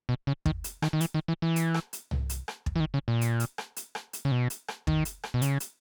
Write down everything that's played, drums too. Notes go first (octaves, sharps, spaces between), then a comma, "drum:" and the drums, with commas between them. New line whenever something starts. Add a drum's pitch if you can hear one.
B2
C#3
D#3, drum: kick
drum: hi-hat
D#3, drum: rim click
D#3
E3, drum: hi-hat
D#3
E3
E3
drum: hi-hat
drum: rim click
drum: hi-hat
drum: tom C2
drum: hi-hat
drum: rim click
drum: kick
E3
D#3
C#3
A#2
drum: hi-hat
drum: hi-hat
drum: rim click
drum: hi-hat
drum: rim click
drum: hi-hat
C#3
B2
drum: hi-hat
drum: rim click
D#3, drum: kick
drum: hi-hat
drum: rim click
B2
C#3, drum: hi-hat
drum: hi-hat